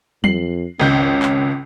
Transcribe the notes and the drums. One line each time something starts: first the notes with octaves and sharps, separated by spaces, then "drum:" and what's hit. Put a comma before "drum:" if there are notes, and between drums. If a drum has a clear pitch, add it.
F2 C7 F#7, drum: tom F#3
G#1 C#2 C#4 G6
drum: clap